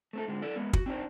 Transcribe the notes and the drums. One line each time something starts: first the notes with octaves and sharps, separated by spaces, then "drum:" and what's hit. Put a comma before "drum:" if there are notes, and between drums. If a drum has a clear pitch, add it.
A3 C4 A4
G#2 D3 G#3
E4 A4 D5
G#3 A#3 B3
F#4, drum: kick
C4 D4 D#4 C5